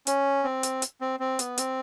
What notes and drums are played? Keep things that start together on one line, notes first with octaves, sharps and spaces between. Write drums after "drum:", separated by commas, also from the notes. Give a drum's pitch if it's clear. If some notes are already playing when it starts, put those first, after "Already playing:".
C#4, drum: hi-hat
C4
drum: hi-hat
drum: hi-hat
C4
C4
B3, drum: hi-hat
C4, drum: hi-hat